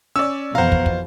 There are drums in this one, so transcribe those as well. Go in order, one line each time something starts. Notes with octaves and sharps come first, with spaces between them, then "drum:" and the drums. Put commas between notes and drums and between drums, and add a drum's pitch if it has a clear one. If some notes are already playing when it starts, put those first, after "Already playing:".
C#4 D5 E6
F2 B2 E3 C5 F5 F#5 A#5
drum: kick
drum: kick